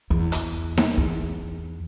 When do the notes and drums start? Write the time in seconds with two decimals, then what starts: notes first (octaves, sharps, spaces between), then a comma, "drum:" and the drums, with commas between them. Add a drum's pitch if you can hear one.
0.10 E2
0.32 drum: hi-hat
0.78 drum: snare D#4
0.97 E2